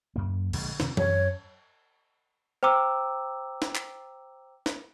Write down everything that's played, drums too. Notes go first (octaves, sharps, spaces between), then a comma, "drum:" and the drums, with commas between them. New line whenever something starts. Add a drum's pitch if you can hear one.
F#2 A#3
A#1 D3 G#3, drum: cymbal
C3 D#3 F3, drum: snare
F#2 C#5, drum: tom E3
C5 G5 A#5 D6 E6
drum: snare
drum: clap
drum: snare